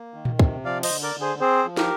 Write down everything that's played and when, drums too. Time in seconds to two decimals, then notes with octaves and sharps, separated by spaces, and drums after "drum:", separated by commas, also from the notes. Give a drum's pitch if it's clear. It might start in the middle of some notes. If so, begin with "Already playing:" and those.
Already playing: A#3
0.14 D#3
0.25 drum: tom A#2
0.39 C3, drum: kick
0.65 F3 D5 F5
0.83 C5 D#5, drum: cymbal
0.90 D3
1.03 A#4 D5
1.15 D3
1.21 G#4 C5
1.40 C4 G#4 C5
1.65 F3
1.77 G4 A#4, drum: snare